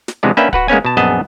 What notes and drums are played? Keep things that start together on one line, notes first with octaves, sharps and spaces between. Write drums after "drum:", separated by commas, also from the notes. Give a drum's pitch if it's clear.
drum: snare
C3 E3 F3 G#3 B3 D4
A#3 C#4 D4 B4 E5 G5
F#4 B4 F#5, drum: kick
G#3 A#3 B3 C#4 G#5
B2 A5
A#1 F#2 B3 G#4 D#5 A5